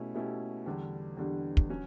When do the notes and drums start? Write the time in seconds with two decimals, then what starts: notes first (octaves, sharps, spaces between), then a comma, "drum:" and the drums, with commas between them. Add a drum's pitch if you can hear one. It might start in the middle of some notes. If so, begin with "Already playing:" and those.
Already playing: B2 A3 C#4 E4 G4
0.15 B2 A3 C#4 E4 G4
0.66 E2 D3 G3 D4 G4
1.17 E2 D3 G3 D4 G4
1.57 drum: kick
1.69 F#3 C#4 F#4